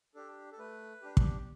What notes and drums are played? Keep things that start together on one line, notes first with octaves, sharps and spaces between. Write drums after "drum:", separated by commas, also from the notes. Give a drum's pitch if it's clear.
D4 G4 A4
A4
A3 B4
D4 G4
drum: kick